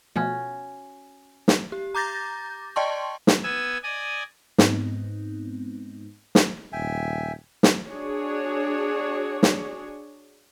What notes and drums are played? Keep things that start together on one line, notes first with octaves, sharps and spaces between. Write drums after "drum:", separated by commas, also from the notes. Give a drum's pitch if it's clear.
B2 F3 A3 C#4 F#4
drum: snare
G4
A#5 D6 G6 A6 A#6
D5 D#5 G5 A5 C6 C#6
drum: snare
B3 G#5 E6
D5 D#5 G#5
G#2 G#3 B3 C4 D#4, drum: snare
drum: snare
D#1 E5 G5 G#5
drum: snare
D4 F#4 G#4 C#5
drum: snare